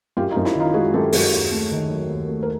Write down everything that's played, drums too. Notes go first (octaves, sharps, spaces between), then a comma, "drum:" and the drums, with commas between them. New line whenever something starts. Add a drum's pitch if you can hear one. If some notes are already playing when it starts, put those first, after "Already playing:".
F#2 F4 G4
D#4 F4
F#2
E4, drum: snare
D#3 D#4 F4
G#3 F#4 G#4
F#2 G4 A4
F#2 F#4 G#4, drum: open hi-hat
D#2
A3
D#3
F#3
D#2
A3
A#4